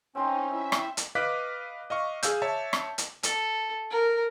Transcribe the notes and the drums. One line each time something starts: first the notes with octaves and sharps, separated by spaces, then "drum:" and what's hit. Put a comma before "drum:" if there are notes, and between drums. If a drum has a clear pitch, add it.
C4 C#4 D#4 C5 A#5
E4 E5
drum: rim click
drum: hi-hat
B4 D#5 F5 D6 F#6 B6
D#5 F5 C#6
G#4 F5 E6 G6, drum: hi-hat
C#5 E5 A5
drum: rim click
drum: hi-hat
A4, drum: hi-hat
A#4